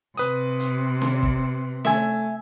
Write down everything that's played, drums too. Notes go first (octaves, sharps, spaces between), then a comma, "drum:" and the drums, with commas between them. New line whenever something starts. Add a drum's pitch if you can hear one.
C3 B4 D#6, drum: hi-hat
drum: hi-hat
drum: snare C#4
drum: kick
A3 E5 G#5, drum: snare C#4